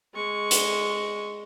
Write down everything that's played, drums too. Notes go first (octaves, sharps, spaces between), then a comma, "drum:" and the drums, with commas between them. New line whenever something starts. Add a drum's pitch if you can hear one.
G#3 C#6
drum: hi-hat